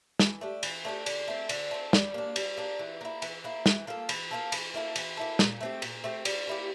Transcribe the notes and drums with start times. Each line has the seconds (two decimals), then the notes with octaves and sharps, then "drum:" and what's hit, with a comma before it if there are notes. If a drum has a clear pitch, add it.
0.19 E3, drum: snare
0.41 A3 D4 G4
0.63 E3, drum: cymbal
0.85 A3 D4 G4
1.06 D3, drum: cymbal
1.28 A3 C4
1.49 D3, drum: cymbal
1.71 A3 C4
1.93 G3, drum: snare
2.14 A#3 D4
2.36 G3, drum: cymbal
2.57 A#3 D4
2.79 E3
3.01 A#3 E4
3.22 E3, drum: cymbal
3.44 A#3 E4
3.66 E3, drum: snare
3.87 A#3 F4 A4
4.09 E3, drum: cymbal
4.31 A#3 F4 A4
4.52 E3, drum: cymbal
4.74 A#3 E4 A4
4.96 E3, drum: cymbal
5.17 A#3 E4 A4
5.39 A#2, drum: snare
5.61 A3 C4 G4
5.82 A#2, drum: cymbal
6.04 A3 C4 G4
6.25 G3, drum: cymbal
6.47 A#3 E4 G4